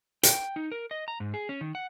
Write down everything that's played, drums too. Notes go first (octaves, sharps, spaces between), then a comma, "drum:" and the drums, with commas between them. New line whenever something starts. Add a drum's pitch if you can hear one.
G5, drum: hi-hat
D#4
A#4
D#5
A#5
G#2
G#4
C#4
D#3
F#5